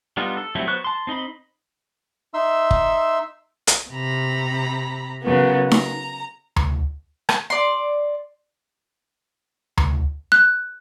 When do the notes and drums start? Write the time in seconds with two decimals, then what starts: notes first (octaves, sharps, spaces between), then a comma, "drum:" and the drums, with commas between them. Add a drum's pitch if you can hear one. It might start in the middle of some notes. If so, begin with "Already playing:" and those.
0.17 G3 B3 D4 D#4 F4
0.37 A4
0.55 F#3 G3 A3 C4 E4
0.67 F#3 B3 C5 C#6 F#6
0.84 A5 C6
1.07 C4 D#4 D#5 B5
2.34 D#4 E5 C6 E6
2.71 drum: kick G1
3.67 drum: hi-hat
3.90 C3 A#5 B5
5.22 C#3 F#3 A#3 B3
5.71 A#5, drum: snare D#4
6.56 drum: tom D2
7.29 drum: rim click
7.50 D5 C6
9.77 drum: tom D2
10.32 F#6